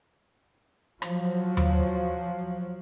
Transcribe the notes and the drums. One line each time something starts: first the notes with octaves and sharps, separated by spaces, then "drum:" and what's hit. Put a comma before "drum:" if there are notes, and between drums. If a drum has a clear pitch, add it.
F3 F#3, drum: rim click
drum: tom D#2